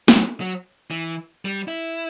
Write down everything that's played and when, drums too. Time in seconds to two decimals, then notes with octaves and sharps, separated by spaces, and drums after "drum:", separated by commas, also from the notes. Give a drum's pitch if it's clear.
0.08 F#3, drum: snare
0.41 F#3
0.91 E3
1.45 G3
1.68 E4